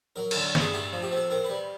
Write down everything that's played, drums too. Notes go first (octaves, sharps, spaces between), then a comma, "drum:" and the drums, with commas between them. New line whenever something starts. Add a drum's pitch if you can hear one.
F#3 A#4
D3 A4, drum: cymbal
G2 G#4, drum: snare
A3 G4
F3
G4
C4
A4
C4 A#4
B4
G3